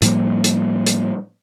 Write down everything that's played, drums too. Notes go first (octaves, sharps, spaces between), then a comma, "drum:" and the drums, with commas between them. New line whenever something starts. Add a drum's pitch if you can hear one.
A2 F3 G3 A#3, drum: hi-hat
drum: hi-hat
drum: hi-hat